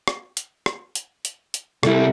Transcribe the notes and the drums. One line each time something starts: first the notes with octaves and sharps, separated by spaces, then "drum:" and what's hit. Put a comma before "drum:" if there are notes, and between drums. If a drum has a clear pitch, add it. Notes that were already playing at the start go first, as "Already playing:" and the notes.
drum: rim click
drum: hi-hat
drum: rim click
drum: hi-hat
drum: hi-hat
drum: hi-hat
C2 G3 E4 A4, drum: rim click